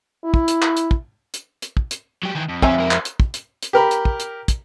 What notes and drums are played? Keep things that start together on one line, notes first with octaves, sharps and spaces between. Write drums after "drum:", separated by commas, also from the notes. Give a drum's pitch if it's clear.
E4
drum: kick
drum: hi-hat
drum: clap
drum: hi-hat
drum: kick
drum: hi-hat
drum: hi-hat
drum: kick
drum: hi-hat
F#3 G4
D#3 E3
F2
F2 C4 C#5 E5 F5 G#5 A#5, drum: kick
G#3 A#4
drum: clap
drum: hi-hat
drum: kick
drum: hi-hat
drum: hi-hat
G4 A#4 B5
drum: hi-hat
drum: kick
drum: hi-hat
drum: kick, hi-hat